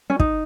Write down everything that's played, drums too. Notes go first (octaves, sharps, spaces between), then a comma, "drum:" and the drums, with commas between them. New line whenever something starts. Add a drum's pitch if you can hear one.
C#4
D#4, drum: kick